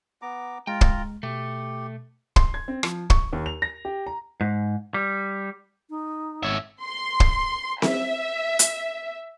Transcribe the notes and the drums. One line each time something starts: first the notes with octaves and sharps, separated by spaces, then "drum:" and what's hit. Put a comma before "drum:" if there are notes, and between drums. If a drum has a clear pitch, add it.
B3 A#5 D6
G#3 F4 G5 A#5
drum: kick
B2 A3 G4
C6, drum: kick
G#6
C4
F3, drum: rim click
C#6, drum: kick
D#2
F7
A#6
G4
A#5
G#2
G3
D#4
G#1 C#5 E5
C6
drum: kick
E5, drum: snare C4
drum: hi-hat